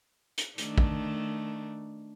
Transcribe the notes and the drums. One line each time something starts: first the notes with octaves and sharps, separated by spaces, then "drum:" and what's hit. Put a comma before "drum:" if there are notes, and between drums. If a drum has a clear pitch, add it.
drum: hi-hat
D#3 A3 D4, drum: hi-hat
drum: kick